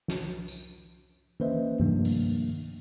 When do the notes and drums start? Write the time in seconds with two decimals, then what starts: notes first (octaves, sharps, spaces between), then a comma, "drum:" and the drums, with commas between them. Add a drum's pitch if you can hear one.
0.08 drum: snare
0.48 drum: tambourine
1.40 A#3 C#4 B4 C5 D#5 E5, drum: tom E3
1.80 C3 D#3 F3 G3 A#3 D4, drum: tom
2.05 drum: open hi-hat